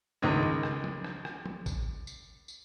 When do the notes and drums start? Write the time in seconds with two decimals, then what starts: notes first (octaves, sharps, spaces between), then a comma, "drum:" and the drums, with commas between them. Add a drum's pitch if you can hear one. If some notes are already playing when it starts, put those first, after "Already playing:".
0.22 C#2 D#3 G#3
0.43 drum: tom
0.63 drum: rim click
0.84 drum: tom
1.04 drum: rim click
1.25 drum: rim click
1.46 drum: tom
1.66 drum: kick A1, tambourine
2.07 drum: tambourine
2.48 drum: tambourine